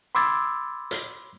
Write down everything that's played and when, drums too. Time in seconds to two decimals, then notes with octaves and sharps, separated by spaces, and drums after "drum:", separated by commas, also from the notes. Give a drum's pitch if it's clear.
0.15 B5 C6 D6 E6 G#6 A6
0.91 drum: hi-hat